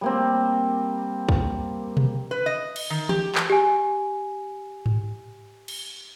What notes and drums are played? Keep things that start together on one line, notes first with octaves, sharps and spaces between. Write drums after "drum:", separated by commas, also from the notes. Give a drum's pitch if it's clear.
G3 A#3 C4
drum: kick
drum: tom B2
B4
D#5
drum: cymbal
D#3
G4, drum: tom E3
drum: clap
G4 G#5
drum: tom G#2
drum: cymbal